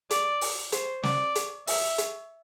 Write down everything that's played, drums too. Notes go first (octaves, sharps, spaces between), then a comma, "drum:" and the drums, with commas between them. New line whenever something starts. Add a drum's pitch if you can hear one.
D5, drum: hi-hat
drum: open hi-hat
C5, drum: hi-hat
D5, drum: snare
drum: hi-hat
E5, drum: open hi-hat
drum: hi-hat